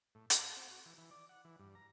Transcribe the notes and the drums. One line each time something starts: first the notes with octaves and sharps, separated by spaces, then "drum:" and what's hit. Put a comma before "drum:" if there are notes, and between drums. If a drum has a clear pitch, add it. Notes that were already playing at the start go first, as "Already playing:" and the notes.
A2
A#4, drum: hi-hat
A4
C4
F#4
E3
E3
D5
F#5
E3
G2
A#5